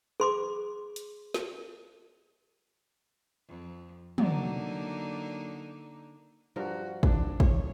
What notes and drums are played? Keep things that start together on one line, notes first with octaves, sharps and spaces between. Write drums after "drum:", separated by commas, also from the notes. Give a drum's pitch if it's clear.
G#4 C6 D6
drum: hi-hat
drum: snare
F2
D3 F#3 A#3 D#4, drum: tom
G2 F3 F#4 A#4
D4, drum: kick
C#5, drum: kick